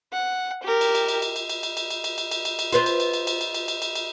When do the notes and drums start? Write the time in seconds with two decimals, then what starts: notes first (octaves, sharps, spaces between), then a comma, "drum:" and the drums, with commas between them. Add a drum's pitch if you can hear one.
0.12 F#5
0.63 G4 A#4
0.81 drum: cymbal
0.95 drum: cymbal
1.08 drum: cymbal
1.22 drum: cymbal
1.36 drum: cymbal
1.49 drum: cymbal
1.63 drum: cymbal
1.77 drum: cymbal
1.90 drum: cymbal
2.04 drum: cymbal
2.18 drum: cymbal
2.31 drum: cymbal
2.45 drum: cymbal
2.59 drum: cymbal
2.72 F4 B4 C5, drum: cymbal
2.86 drum: cymbal
3.00 drum: cymbal
3.13 drum: cymbal
3.27 drum: cymbal
3.41 drum: cymbal
3.54 drum: cymbal
3.68 drum: cymbal
3.82 drum: cymbal
3.95 drum: cymbal